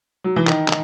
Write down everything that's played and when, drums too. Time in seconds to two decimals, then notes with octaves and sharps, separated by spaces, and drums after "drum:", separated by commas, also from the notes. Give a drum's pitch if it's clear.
0.24 F#3
0.36 E3
0.47 D#3, drum: clap
0.69 D#3, drum: clap